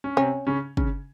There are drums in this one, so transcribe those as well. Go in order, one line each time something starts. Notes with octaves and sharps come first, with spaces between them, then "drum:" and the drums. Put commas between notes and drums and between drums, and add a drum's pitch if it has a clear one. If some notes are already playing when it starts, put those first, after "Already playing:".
C#4
C3 C4 C#4
C#3 C#4
C#3 C#4, drum: kick